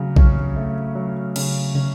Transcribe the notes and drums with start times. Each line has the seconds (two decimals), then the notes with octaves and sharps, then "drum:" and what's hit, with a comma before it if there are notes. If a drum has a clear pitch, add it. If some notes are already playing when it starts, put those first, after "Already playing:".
Already playing: C#3 F#3 A3
0.16 C#4, drum: kick A#1
0.56 A3
0.95 F#3
1.36 C#3, drum: cymbal
1.75 C#4, drum: tom